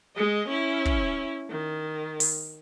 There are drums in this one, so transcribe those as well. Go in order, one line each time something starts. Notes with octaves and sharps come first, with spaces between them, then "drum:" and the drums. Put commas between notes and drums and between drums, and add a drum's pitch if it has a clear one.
G#3 D#5
C#4 E4
drum: kick
D#3
drum: open hi-hat